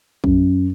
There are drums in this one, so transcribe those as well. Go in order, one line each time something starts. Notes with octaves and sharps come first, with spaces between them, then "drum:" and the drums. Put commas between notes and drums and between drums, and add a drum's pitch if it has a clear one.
F#2, drum: kick